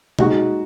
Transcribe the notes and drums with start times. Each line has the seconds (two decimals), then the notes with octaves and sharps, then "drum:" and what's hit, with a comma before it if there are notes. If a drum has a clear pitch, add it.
0.19 G#3 D#4 F#4, drum: tom B2